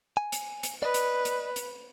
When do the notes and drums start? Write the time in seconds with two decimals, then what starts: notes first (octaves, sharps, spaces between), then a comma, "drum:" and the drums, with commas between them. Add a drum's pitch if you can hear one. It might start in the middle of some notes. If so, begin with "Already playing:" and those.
0.17 G#5
0.32 drum: hi-hat
0.63 drum: hi-hat
0.83 B4 D5 D#5
0.94 drum: hi-hat
1.25 drum: hi-hat
1.56 drum: hi-hat